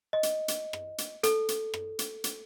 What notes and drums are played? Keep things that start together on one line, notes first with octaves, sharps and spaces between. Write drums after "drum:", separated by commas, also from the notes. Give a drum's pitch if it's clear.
D#5
drum: hi-hat
drum: hi-hat
drum: rim click
drum: hi-hat
A4, drum: hi-hat
drum: hi-hat
drum: rim click
drum: hi-hat
drum: hi-hat